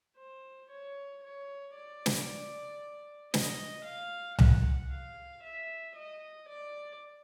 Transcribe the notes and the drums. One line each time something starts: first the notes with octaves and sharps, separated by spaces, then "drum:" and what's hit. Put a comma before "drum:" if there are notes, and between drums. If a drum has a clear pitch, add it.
C5
C#5
C#5
D5
drum: snare
D#5, drum: snare
F5
F#5, drum: tom C2
F5
E5
D#5
D5